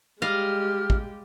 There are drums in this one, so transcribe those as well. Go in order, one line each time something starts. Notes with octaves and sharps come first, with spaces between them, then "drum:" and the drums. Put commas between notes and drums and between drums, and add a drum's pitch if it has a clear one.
G3 G#3 G4 D#5 F5 F6
drum: kick